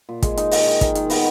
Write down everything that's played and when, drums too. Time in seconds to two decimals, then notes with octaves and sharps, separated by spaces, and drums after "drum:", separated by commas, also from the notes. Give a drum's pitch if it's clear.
0.09 A#2
0.22 G#3, drum: kick, hi-hat
0.37 D#4, drum: hi-hat
0.51 D#3, drum: open hi-hat
0.66 D#3
0.81 D#3, drum: kick, hi-hat
0.95 D#3, drum: hi-hat
1.10 B3, drum: open hi-hat